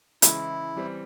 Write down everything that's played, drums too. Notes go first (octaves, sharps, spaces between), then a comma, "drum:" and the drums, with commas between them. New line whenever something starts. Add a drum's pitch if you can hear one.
C#3 E3 G#3 E4, drum: hi-hat
E3 G3 C4